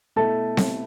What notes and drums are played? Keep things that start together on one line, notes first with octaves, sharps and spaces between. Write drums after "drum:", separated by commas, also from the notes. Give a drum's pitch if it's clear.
B2 A3 E4 A4 A5
drum: snare C4